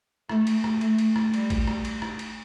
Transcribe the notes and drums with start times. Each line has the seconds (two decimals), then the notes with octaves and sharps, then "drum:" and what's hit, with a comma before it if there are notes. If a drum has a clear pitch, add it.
0.29 A3, drum: rim click
0.47 drum: cymbal
0.64 drum: rim click
0.81 A3, drum: cymbal
0.98 drum: cymbal
1.16 drum: rim click
1.34 G3, drum: cymbal
1.50 drum: kick, cymbal
1.67 drum: rim click
1.85 drum: cymbal
2.02 drum: rim click
2.19 drum: cymbal